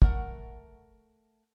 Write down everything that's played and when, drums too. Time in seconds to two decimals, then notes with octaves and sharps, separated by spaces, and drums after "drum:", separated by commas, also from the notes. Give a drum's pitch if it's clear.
0.02 A3 A#4 F#5, drum: kick